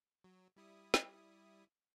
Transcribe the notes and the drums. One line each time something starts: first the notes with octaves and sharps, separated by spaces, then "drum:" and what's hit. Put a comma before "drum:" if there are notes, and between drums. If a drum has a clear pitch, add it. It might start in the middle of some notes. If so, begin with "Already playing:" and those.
F#3
G3 E4 D#6
drum: snare